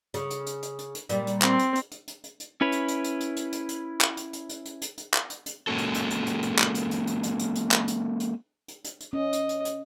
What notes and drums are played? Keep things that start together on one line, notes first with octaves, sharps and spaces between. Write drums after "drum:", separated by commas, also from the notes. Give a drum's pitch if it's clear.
C#3, drum: hi-hat
drum: hi-hat
drum: hi-hat
drum: hi-hat
drum: hi-hat
drum: hi-hat
A#2 G3, drum: hi-hat
drum: hi-hat
C4, drum: clap
drum: hi-hat
drum: hi-hat
drum: hi-hat
drum: hi-hat
drum: hi-hat
drum: hi-hat
C#4 E4 B4 C#5
drum: hi-hat
drum: hi-hat
drum: hi-hat
drum: hi-hat
drum: hi-hat
drum: hi-hat
drum: hi-hat
drum: clap
drum: hi-hat
drum: hi-hat
drum: hi-hat
drum: hi-hat
drum: hi-hat
drum: hi-hat
drum: clap
drum: hi-hat
drum: hi-hat
G#3 A#3 C#4 F#4 A4
drum: hi-hat
drum: hi-hat
drum: hi-hat
drum: hi-hat
drum: hi-hat
drum: clap
drum: hi-hat
drum: hi-hat
drum: hi-hat
drum: hi-hat
drum: hi-hat
drum: hi-hat
drum: clap
drum: hi-hat
drum: hi-hat
drum: hi-hat
drum: hi-hat
drum: hi-hat
C#4 D#5
drum: hi-hat
drum: hi-hat
drum: hi-hat